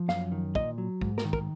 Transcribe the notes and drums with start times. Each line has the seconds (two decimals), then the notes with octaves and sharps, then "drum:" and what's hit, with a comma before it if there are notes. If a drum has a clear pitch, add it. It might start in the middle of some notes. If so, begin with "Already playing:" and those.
Already playing: F3
0.08 F#2 F5, drum: snare
0.31 D#3
0.55 A#2 D#5, drum: kick
0.78 F#3
1.01 G#2, drum: kick
1.18 A#4, drum: snare
1.25 D#3
1.33 A#4, drum: kick